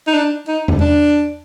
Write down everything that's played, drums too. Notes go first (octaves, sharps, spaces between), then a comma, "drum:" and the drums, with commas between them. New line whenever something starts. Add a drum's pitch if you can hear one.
D#4
D4
D#4
drum: tom E2
D4